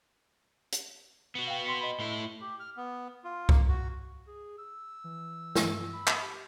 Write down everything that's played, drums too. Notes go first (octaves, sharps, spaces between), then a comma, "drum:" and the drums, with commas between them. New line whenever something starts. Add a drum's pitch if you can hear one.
drum: hi-hat
B3 F#4
F5 G5
C6 B6 C#7
D#5 B5
A2 E4
G4
F6
B3
F4
A#3, drum: kick C2
F#4
G#4
E6
E3
drum: snare
B5
drum: clap
G4